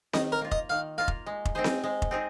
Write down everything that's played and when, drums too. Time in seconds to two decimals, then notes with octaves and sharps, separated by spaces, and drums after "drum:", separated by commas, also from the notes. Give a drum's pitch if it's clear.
0.13 D#3 D#5, drum: snare C4
0.32 A#4
0.41 A#3 F4
0.52 D#5, drum: kick F1
0.70 D#3 F5
0.98 A#3 F4 F5
1.08 drum: kick F1
1.26 G#3
1.45 drum: kick F1
1.55 C4 D#4 G#4 C5
1.64 drum: snare C4
1.83 G#3
2.02 drum: kick F1
2.11 C4 D#4 G#4